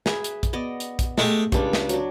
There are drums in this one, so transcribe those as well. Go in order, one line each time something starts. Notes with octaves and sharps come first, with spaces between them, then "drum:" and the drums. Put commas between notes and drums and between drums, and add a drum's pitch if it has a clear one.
G#4 B4 E5, drum: snare
drum: hi-hat
drum: kick, hi-hat
B3 D5 D#5
drum: hi-hat
drum: kick, hi-hat
G#3 A3 G4, drum: snare
C#2 G3 D4, drum: kick, hi-hat
drum: snare
F#3 D4, drum: hi-hat